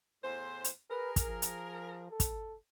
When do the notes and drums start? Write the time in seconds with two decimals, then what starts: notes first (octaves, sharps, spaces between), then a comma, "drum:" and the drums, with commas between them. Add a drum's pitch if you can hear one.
0.24 E2 A2 C5
0.64 drum: hi-hat
0.90 G#4 A#4 B4
1.16 drum: kick, hi-hat
1.26 F3
1.42 drum: hi-hat
2.11 A4
2.20 drum: kick, hi-hat